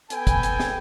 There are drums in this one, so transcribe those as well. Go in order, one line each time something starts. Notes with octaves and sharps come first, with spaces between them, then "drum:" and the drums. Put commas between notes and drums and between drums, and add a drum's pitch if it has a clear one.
B3 A4 G5 G#5, drum: hi-hat
drum: kick, hi-hat
drum: hi-hat
drum: snare